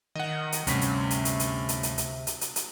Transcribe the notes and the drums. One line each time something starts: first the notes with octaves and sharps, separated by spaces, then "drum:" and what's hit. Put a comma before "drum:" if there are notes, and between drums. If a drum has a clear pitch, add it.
D#3 D#5 F#5
drum: hi-hat
D2 G2 C3 C#4 B6, drum: hi-hat
drum: hi-hat
drum: hi-hat
drum: hi-hat
drum: hi-hat
drum: hi-hat
drum: hi-hat
drum: hi-hat
drum: hi-hat
drum: hi-hat
drum: hi-hat